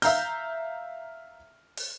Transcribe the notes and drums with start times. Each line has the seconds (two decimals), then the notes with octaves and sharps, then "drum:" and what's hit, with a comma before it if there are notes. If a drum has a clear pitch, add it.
0.02 E5 F5 A#5 G6, drum: open hi-hat
1.77 drum: open hi-hat